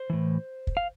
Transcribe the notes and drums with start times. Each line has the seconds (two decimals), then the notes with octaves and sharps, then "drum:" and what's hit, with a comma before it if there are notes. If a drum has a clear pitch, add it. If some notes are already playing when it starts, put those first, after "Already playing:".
Already playing: C5
0.10 A2 E3
0.67 drum: kick
0.77 F5